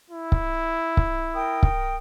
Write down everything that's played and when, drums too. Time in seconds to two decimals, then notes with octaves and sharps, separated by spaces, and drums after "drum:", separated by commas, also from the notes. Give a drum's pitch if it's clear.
0.10 E4
0.32 drum: kick C#1
0.97 drum: kick C#1
1.33 A#4 G5 D#6
1.63 drum: kick C#1